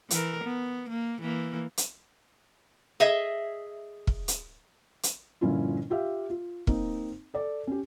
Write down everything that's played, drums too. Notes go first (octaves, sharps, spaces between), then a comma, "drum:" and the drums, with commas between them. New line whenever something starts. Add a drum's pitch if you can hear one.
E3 A#4, drum: hi-hat
B3
A#3
E3 A#3
drum: hi-hat
G#4 D#5 E5
drum: kick
drum: hi-hat
drum: hi-hat
G1 A#2 F3 C#4 E4 F4
F4 G4 E5 F5
F4
A#3 C4 D#4, drum: kick
A4 D5
C#4 G4